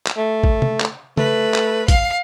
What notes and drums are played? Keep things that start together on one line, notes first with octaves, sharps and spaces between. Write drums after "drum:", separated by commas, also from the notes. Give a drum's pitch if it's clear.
drum: clap
A3
drum: kick A1
drum: tom
drum: clap
A3 B4, drum: tom C#3
drum: clap
F5, drum: kick A1, hi-hat